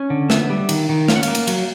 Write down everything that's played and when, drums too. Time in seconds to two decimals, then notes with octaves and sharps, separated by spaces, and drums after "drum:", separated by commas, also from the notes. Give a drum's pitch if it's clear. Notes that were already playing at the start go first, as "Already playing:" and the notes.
Already playing: C#4
0.10 D3
0.30 B3 E5, drum: snare
0.50 G3
0.69 D#3, drum: cymbal
0.89 D#3
1.08 C#4 F5, drum: snare
1.16 F#5
1.23 A#3 F5, drum: cymbal
1.35 drum: cymbal
1.47 F#3, drum: cymbal